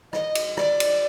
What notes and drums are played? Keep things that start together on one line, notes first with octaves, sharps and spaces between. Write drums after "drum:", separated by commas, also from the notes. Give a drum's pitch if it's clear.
D#5, drum: rim click
drum: cymbal
D5, drum: rim click
drum: cymbal